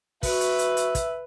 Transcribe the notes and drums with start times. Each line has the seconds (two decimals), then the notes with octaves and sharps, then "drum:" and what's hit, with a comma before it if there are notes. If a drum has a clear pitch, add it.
0.23 F#4 B4 E5, drum: kick, open hi-hat
0.41 drum: hi-hat
0.59 drum: hi-hat
0.77 drum: hi-hat
0.95 drum: kick, hi-hat